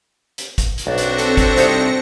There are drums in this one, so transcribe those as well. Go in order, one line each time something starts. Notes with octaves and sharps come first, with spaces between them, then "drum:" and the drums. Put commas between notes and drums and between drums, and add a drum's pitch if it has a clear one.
drum: hi-hat
drum: kick, hi-hat
drum: hi-hat
B1 C4 D4 F#4 A#6 C#7
drum: hi-hat
A4, drum: hi-hat
drum: kick, hi-hat
C2 D#4 C#5, drum: hi-hat